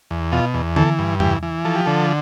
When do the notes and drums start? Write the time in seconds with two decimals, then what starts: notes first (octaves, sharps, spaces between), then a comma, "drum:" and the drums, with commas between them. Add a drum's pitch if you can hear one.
0.11 E2
0.32 B2 F4
0.54 E2
0.76 E3 A4, drum: tom D3
0.99 G2
1.20 E3 G4, drum: tom E2
1.43 E3
1.65 F3 A4
1.76 G4
1.86 D3 A4